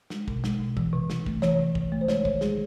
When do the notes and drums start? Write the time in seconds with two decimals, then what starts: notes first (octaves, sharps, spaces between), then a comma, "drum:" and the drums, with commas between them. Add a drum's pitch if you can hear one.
0.10 G#3, drum: snare
0.28 B2, drum: kick
0.44 G#3, drum: snare
0.60 B2
0.77 E3, drum: kick
0.93 C3
1.10 C3, drum: snare
1.26 A3, drum: kick
1.42 E3 C#5, drum: snare
1.59 C3
1.75 C3, drum: kick
1.92 A3
2.01 C5
2.08 G#3 C#5, drum: snare
2.25 D#3 C#5, drum: kick
2.41 G#3 G#4, drum: snare